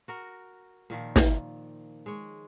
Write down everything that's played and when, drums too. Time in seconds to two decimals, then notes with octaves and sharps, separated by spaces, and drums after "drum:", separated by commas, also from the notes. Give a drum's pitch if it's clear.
0.08 F#4 A#4
0.90 A#2 D#3 F3
1.16 drum: snare
2.06 G#3 C#5